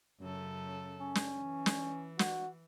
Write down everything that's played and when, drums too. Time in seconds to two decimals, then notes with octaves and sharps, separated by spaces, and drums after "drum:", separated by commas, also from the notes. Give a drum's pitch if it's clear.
0.20 F#2 C#3 A4
1.00 C#4
1.15 drum: snare
1.41 E3
1.66 drum: snare
2.19 F#4, drum: snare